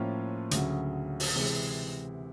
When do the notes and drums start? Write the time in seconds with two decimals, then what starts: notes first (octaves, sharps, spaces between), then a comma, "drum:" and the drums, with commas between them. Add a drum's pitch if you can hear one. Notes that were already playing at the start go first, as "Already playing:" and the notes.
Already playing: A2 F3 A#3 C#4 F4
0.51 D2 C#3 F#3, drum: hi-hat
1.20 drum: open hi-hat
1.36 C3 E3 G#3